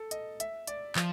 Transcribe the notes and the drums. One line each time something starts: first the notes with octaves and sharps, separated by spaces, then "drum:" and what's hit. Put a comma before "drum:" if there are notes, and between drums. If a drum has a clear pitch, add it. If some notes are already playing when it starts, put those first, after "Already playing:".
Already playing: A4
D#5, drum: hi-hat
E5, drum: hi-hat
D5, drum: hi-hat
F3, drum: clap